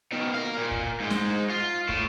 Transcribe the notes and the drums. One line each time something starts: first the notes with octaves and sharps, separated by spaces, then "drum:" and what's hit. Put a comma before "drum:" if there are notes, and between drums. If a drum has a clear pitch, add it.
B2 D#3
A#4 F5
A#2
drum: kick
G#2 G#3
drum: snare
F4
A2, drum: kick